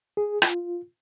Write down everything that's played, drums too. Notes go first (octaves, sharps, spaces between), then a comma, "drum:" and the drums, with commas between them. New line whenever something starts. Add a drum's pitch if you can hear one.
G#4
F4, drum: rim click